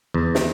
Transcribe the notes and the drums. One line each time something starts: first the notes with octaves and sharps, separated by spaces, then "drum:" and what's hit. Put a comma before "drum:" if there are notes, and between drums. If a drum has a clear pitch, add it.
E2
drum: snare